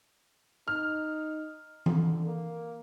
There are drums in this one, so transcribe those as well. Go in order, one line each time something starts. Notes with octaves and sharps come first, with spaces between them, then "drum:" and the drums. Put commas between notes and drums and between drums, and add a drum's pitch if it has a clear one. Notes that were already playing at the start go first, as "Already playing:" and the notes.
D#4 F6
D3, drum: tom E3
A#3